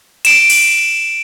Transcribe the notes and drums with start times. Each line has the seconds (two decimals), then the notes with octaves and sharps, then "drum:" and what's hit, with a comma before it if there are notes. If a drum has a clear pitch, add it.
0.25 D7 E7, drum: cymbal
0.50 drum: cymbal